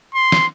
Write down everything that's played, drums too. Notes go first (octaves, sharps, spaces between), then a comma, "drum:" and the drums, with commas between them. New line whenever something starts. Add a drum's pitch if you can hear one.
C6
drum: snare